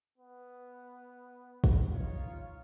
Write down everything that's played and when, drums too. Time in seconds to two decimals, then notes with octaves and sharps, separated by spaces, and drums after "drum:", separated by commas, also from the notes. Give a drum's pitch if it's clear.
0.18 B3
1.64 drum: kick
1.92 D#4 F4 C#5
2.27 F5